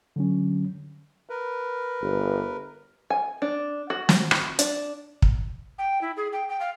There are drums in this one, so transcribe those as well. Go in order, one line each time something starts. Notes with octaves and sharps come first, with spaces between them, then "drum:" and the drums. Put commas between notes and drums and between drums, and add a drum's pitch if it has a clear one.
D3 F#3 C#4
A#4 B4
G1
G#5
D4
F#4
drum: snare
drum: rim click
D4, drum: hi-hat
drum: kick
G5
E4
G#4
G5
G5
F5